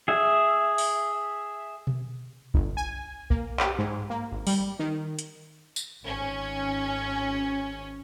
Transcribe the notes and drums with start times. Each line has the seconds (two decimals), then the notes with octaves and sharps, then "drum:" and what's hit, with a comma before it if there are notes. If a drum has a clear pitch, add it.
0.08 G#4 E5
0.78 drum: open hi-hat
1.87 drum: tom B2
2.54 G1, drum: kick B1
2.77 G#5
3.30 A#3, drum: kick B1
3.60 G4, drum: clap
3.78 G#2
4.10 A#3
4.31 G#1
4.47 G3, drum: open hi-hat
4.79 D#3
5.19 drum: hi-hat
5.76 drum: tambourine
6.02 G#1 C#4